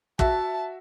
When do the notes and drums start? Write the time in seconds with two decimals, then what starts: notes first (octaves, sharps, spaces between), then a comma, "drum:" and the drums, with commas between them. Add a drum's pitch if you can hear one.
0.19 F#4 E5 A5, drum: kick